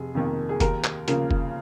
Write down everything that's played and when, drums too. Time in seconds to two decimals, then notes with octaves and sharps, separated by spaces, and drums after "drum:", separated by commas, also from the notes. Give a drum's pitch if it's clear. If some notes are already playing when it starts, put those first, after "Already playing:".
Already playing: F1 G#4
0.15 F2 D#3 A#3
0.49 G#4
0.60 D#2 A#4, drum: kick F1, hi-hat
0.84 drum: clap
1.08 C#3 F3 A#3, drum: hi-hat
1.31 drum: kick F1